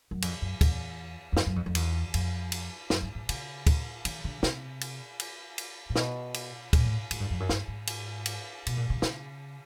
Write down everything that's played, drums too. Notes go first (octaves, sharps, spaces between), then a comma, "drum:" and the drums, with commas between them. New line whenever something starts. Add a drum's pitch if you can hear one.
F#2
F2, drum: cymbal
F#2
E2, drum: kick, cymbal
E2
F2, drum: snare
F#2
F2
F2
E2, drum: cymbal
F2, drum: cymbal
drum: cymbal
F#2, drum: snare
G2
G#2
C#3, drum: cymbal
drum: kick, cymbal
D#3, drum: cymbal
D3
C3, drum: snare
drum: cymbal
drum: cymbal
drum: cymbal
A#2
B2, drum: snare
drum: cymbal
A#2, drum: kick, cymbal
A2
G#2, drum: cymbal
G2
F2
F#2
G2, drum: snare
G#2
drum: cymbal
drum: cymbal
B2, drum: cymbal
A#2
C#3
C#3, drum: snare